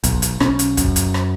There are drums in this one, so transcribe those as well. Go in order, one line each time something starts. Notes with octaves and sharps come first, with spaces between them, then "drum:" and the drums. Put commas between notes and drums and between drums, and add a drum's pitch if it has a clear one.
B1, drum: kick, hi-hat
drum: hi-hat
B1 C#4, drum: rim click
drum: hi-hat
F#2, drum: kick, hi-hat
drum: hi-hat
drum: rim click